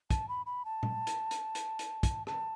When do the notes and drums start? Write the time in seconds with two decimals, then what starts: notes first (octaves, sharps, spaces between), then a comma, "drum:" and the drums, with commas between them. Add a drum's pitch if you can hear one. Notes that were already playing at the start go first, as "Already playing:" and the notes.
0.10 A5, drum: kick, hi-hat
0.29 B5
0.46 B5
0.65 A5
0.83 drum: tom A#2
1.07 drum: hi-hat
1.31 drum: hi-hat
1.55 drum: hi-hat
1.79 drum: hi-hat
2.03 drum: kick, hi-hat
2.27 A5, drum: rim click